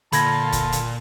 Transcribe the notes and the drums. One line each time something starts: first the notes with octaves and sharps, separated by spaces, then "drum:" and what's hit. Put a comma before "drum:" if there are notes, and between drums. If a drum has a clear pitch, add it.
A#2 D3 F4 A5 B5 G#6 A#6, drum: hi-hat
drum: kick, hi-hat
drum: hi-hat